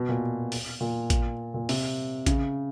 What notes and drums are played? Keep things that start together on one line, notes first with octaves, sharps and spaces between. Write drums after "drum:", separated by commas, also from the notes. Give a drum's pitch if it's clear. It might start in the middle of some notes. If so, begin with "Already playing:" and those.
Already playing: B2
A#2
drum: open hi-hat
A#2
drum: kick A1, hi-hat
A#2
C3, drum: open hi-hat
C#3, drum: kick A1, hi-hat